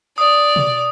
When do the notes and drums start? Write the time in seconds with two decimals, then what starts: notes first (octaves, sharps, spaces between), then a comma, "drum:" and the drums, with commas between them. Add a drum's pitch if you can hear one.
0.18 D5 D#6
0.56 drum: tom B2